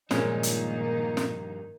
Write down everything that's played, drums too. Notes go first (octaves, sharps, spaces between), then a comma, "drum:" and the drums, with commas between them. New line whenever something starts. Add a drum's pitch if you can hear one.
G2 A#2 D#3 F3 G#3 A#3 C#4 D#4, drum: snare
drum: hi-hat
drum: snare